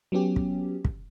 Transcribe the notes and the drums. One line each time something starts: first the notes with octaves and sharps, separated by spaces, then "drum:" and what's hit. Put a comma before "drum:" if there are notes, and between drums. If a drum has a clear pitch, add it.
F#3 B3 C#4 G4
drum: kick
drum: kick